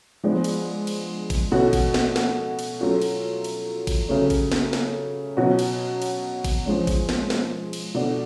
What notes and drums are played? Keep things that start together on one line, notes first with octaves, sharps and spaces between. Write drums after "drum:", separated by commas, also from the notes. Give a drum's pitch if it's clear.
F3 G#3 B3 D4
drum: cymbal
drum: cymbal
drum: kick G#1, cymbal
B2 A3 C#4 F#4
drum: kick G#1, cymbal
drum: snare
drum: snare
drum: cymbal
F#3 A3 C#4 F4
drum: cymbal
drum: cymbal
drum: kick G#1, cymbal
C#3 F#3 A3 C#4
drum: kick G#1, cymbal
drum: snare
drum: snare
B2 F#3 C#4 F#4
drum: cymbal
drum: cymbal
drum: kick G#1, cymbal
F3 G#3 C#4
drum: kick G#1, cymbal
drum: snare
drum: snare
drum: cymbal
B2 A3 D4 F#4